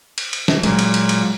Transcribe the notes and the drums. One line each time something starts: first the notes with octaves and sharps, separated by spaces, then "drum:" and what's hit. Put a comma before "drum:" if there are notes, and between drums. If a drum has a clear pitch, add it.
drum: cymbal
drum: cymbal
drum: snare
A#2 F#3 G#3, drum: cymbal
drum: cymbal
drum: cymbal
drum: cymbal